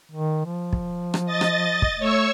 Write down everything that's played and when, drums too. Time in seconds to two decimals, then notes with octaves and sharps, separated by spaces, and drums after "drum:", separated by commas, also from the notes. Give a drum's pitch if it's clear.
0.11 D#3
0.45 F3
0.73 drum: kick
1.14 drum: rim click
1.26 D#5 A6
1.41 drum: rim click
1.82 drum: kick
1.99 A3 C#5 C#6 E6